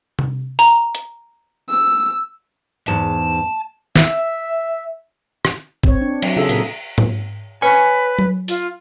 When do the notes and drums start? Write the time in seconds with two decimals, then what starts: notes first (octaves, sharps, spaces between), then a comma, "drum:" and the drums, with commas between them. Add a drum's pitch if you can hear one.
0.19 drum: tom C3
0.59 A#5, drum: open hi-hat
0.95 drum: hi-hat
1.69 E6
2.88 E2 G#2 A5
3.96 E5, drum: snare
5.45 drum: rim click
5.84 C4 C#5, drum: kick
6.01 D4
6.22 F#3, drum: cymbal
6.36 C#3 C#4 F4 G#4 A4 E5
6.49 A#2 A#4, drum: hi-hat
6.98 drum: tom G#2
7.62 B4 C#5 G#5
8.19 drum: tom F#3
8.48 F4, drum: open hi-hat